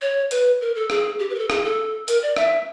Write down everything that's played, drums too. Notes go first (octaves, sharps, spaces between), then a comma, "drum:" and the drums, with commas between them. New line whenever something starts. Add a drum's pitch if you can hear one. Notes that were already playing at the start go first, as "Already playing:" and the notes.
C#5
B4, drum: hi-hat
A#4
A4
G#4, drum: rim click
G4
B4
A#4
A4
G#4, drum: rim click
A4
A#4, drum: hi-hat
D5
E5, drum: rim click